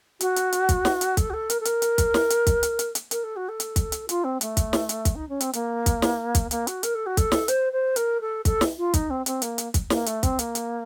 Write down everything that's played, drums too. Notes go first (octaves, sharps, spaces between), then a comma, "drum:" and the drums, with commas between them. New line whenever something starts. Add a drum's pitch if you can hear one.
F#4, drum: hi-hat
drum: hi-hat
drum: hi-hat
drum: kick, hi-hat
drum: snare
drum: hi-hat
A4, drum: kick, hi-hat
F#4
A4
A#4, drum: hi-hat
A4
A#4, drum: hi-hat
drum: hi-hat
drum: kick, hi-hat
drum: snare
drum: hi-hat
drum: kick, hi-hat
drum: hi-hat
drum: hi-hat
drum: hi-hat
A#4, drum: hi-hat
A4
F#4
A4
drum: hi-hat
drum: kick, hi-hat
drum: hi-hat
F4, drum: hi-hat
C4
A3, drum: hi-hat
drum: kick, hi-hat
drum: snare
drum: hi-hat
drum: kick, hi-hat
D#4
C#4
C4, drum: hi-hat
A#3, drum: hi-hat
drum: kick, hi-hat
drum: snare
drum: kick, hi-hat
A#3, drum: hi-hat
F#4, drum: hi-hat
A#4, drum: hi-hat
A4
F#4
A4, drum: kick, hi-hat
drum: snare
C5, drum: hi-hat
C5
A#4, drum: hi-hat
A4
A4, drum: kick, hi-hat
drum: snare
F4
D#4, drum: kick, hi-hat
C4
C4, drum: hi-hat
A#3, drum: hi-hat
drum: hi-hat
drum: kick, hi-hat
A#3, drum: snare
A3, drum: hi-hat
C4, drum: kick, hi-hat
A#3, drum: hi-hat
drum: hi-hat